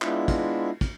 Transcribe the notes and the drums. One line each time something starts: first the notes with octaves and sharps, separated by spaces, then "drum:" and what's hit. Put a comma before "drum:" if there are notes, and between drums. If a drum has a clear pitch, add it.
G#3 B3 D4 E4 F4 E5, drum: clap
drum: kick, cymbal
drum: kick, cymbal